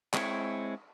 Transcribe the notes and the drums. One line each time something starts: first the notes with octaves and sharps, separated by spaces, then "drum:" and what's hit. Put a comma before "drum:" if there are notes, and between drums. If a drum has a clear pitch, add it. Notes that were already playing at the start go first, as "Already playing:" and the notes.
G#3 C4 E4 C#5, drum: clap